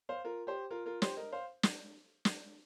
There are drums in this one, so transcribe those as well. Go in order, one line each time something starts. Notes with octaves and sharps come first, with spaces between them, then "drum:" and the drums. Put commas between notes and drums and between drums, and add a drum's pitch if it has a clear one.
C5 F5
F4 A#4
G4 C5
F4 A#4
F4 A#4
G4 C5, drum: snare
A#4 D#5
C5 F5
drum: snare
drum: snare